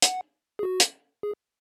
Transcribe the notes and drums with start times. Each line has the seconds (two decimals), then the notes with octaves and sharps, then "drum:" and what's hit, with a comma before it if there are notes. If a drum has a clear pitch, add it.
0.02 F#5, drum: hi-hat
0.59 G#4
0.63 F#4
0.80 drum: hi-hat
1.23 G#4